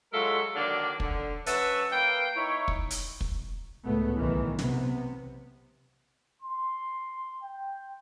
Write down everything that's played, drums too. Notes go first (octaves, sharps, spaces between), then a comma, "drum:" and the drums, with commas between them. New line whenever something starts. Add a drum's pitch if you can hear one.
F#3 G#3 F4 A4 A#4 E5
D3 D#3 F#3 A#3 D4
D3, drum: kick
F#3 C#4 B4 E5 F#5 A5, drum: hi-hat
A#3 B4 F5 G5
D#4 E4 C#5
drum: kick
drum: hi-hat
drum: kick
C#2 A2 A3 B3
B1 D#3 E3
C3 B3, drum: snare
C6
G5